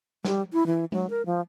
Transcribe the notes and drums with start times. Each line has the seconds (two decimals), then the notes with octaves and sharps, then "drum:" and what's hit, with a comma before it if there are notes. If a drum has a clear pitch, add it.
0.25 G3, drum: snare
0.53 E4
0.66 E3
0.92 F#3, drum: tom G#3
1.10 A#4
1.26 F3